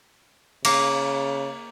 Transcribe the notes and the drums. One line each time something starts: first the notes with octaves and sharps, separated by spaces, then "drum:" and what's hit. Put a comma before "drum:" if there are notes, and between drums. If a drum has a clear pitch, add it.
C#3 A#3, drum: cymbal